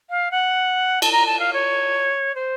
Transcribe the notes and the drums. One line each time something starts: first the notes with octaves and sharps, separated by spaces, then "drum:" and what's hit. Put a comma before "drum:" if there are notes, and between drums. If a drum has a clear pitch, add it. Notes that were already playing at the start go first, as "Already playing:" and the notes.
F5
F#5
A5, drum: cymbal
A#5
A5
F5
C#5
C5